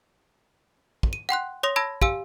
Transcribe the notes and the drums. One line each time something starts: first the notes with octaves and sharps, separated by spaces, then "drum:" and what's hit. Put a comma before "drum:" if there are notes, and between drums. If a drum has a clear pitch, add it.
drum: kick
D#7
F#5 G5 C6 F#6
C#5 C6 D#6 A#6 F7
A5 B5 E6 G#6 A#6
G4 F5 G#5 E6, drum: kick